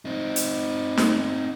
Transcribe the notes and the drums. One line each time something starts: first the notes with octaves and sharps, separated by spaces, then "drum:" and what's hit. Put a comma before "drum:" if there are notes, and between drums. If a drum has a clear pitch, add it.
C4 D#4
drum: hi-hat
drum: snare